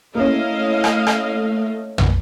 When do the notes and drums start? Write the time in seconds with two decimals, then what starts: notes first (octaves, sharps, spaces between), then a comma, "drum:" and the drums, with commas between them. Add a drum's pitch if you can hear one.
0.15 A3 A#3 C#4 E4 D#5 F5
0.84 drum: rim click
1.07 drum: rim click
1.98 drum: tom